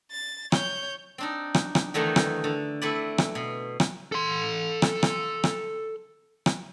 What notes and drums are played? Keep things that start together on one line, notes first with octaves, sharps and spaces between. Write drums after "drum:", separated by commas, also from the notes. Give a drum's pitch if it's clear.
A6
C#5 G6, drum: rim click
C4 D4 D#4
drum: rim click
drum: rim click
E2 D3 D#3 A3 D#4
drum: rim click
D3
A3 C4 E4 B4 D5
drum: rim click
B2
drum: rim click
A4 C6
drum: rim click
drum: rim click
drum: rim click
drum: rim click